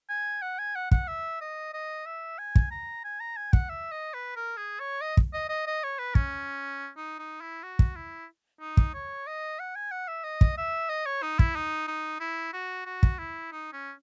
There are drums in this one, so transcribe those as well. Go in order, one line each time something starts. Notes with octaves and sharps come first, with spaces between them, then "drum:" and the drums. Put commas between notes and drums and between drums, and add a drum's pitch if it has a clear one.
G#5
F#5
G#5
F#5
F#5, drum: kick
E5
D#5
D#5
E5
G#5
drum: kick
A#5
G#5
A#5
G#5
F#5, drum: kick
E5
D#5
B4
A#4
G#4
C#5
D#5
drum: kick
D#5
D#5
D#5
C#5
B4
C#4, drum: kick
D#4
D#4
E4
F#4
drum: kick
E4
D#4
drum: kick
C#5
D#5
F#5
G#5
F#5
E5
D#5
drum: kick
E5
D#5
C#5
D#4
E4, drum: kick
D#4
D#4
E4
F#4
F#4
drum: kick
E4
D#4
C#4